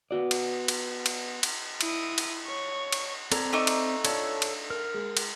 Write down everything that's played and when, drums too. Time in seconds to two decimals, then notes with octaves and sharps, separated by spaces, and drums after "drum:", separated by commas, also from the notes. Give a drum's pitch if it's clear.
0.11 B3 F#4 D5
0.31 drum: cymbal
0.68 drum: cymbal
1.06 drum: cymbal
1.43 drum: cymbal
1.81 E4 D#6, drum: cymbal
2.18 drum: cymbal
2.46 C#5
2.92 drum: cymbal
3.32 C4 A4 D5 A#5 G#6, drum: cymbal
3.53 A3 D#4 D6
3.67 drum: cymbal
4.05 D4 F4 A4 C#5 A5, drum: cymbal
4.42 drum: cymbal
4.70 A#4
4.94 G#3
5.17 drum: cymbal